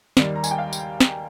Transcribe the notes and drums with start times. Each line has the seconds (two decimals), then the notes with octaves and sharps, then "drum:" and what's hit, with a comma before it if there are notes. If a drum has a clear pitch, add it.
0.17 D#2 D#3 G3 D5, drum: snare
0.36 A#5
0.44 G#5, drum: tambourine
0.51 G5
0.58 F5
0.73 drum: tambourine
1.00 drum: snare